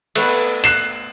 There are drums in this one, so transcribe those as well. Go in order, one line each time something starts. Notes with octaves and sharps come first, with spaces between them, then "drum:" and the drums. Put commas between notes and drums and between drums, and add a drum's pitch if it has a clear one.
A3 B3 B4, drum: cymbal
F#6 C7 E7, drum: hi-hat